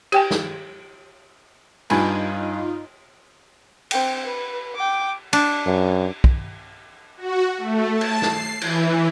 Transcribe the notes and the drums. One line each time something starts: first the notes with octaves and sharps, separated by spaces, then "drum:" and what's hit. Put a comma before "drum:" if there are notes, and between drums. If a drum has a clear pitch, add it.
G4 G5 G#5, drum: cymbal
drum: snare
G2 D#4 F4 G#5 B5, drum: cymbal
C4 G5, drum: cymbal
B4
G5 D6
D4, drum: cymbal
F#2
drum: kick
F#4
A3
A5
drum: cymbal
C7, drum: snare
E3, drum: cymbal